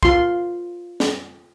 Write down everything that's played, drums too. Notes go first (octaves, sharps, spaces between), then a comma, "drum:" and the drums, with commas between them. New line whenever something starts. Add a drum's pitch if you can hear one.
F4 C6, drum: kick C2
drum: snare